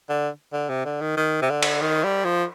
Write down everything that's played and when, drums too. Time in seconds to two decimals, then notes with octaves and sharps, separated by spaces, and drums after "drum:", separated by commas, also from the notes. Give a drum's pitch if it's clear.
0.09 D3
0.53 D3
0.69 C3
0.85 D3
1.01 D#3
1.17 D#3
1.42 C3
1.50 D3
1.63 drum: cymbal
1.81 D#3
2.04 G3
2.24 F3